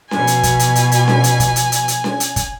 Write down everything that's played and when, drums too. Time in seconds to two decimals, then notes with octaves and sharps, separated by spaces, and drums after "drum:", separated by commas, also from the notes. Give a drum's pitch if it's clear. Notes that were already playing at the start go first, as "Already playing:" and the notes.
0.11 B2 F3 G#5, drum: snare C#4
0.27 drum: hi-hat
0.43 drum: kick, hi-hat
0.59 drum: hi-hat
0.75 drum: hi-hat
0.92 drum: hi-hat
1.08 drum: snare C#4
1.24 drum: hi-hat
1.40 drum: kick, hi-hat
1.56 drum: hi-hat
1.72 drum: hi-hat
1.88 drum: hi-hat
2.04 drum: snare C#4
2.20 drum: hi-hat
2.36 drum: kick, hi-hat